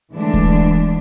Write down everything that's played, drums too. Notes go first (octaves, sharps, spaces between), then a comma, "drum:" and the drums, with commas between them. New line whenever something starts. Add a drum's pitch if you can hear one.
D3 E3 G#3 A3 D4
drum: kick D1, hi-hat